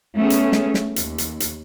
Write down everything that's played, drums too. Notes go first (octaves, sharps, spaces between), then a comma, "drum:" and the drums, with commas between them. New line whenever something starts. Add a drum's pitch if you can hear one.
A3 B3 C#4 G#4
drum: hi-hat
drum: snare
drum: snare
D#2, drum: hi-hat
drum: hi-hat
drum: hi-hat